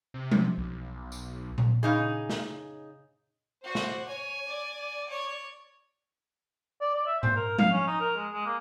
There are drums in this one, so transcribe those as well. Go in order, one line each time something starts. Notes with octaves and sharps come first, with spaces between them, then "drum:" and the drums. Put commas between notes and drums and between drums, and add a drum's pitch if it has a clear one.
C3
drum: tom F3
B1
drum: tambourine
drum: tom A#2
C#3 D#4 G#4
drum: snare
F#4 C5 D5
drum: snare
C#5 G#5
D5
C#5
D5
D5
E5
C5, drum: tom G#2
A#4
F5, drum: tom F3
C#4
D#4
A#4
G#3
G#3
A#3